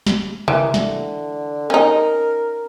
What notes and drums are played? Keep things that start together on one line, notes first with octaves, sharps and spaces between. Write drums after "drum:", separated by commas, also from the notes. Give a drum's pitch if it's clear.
drum: snare
E3 A#4, drum: tom C3
D3, drum: snare
C#4 D#4 A#4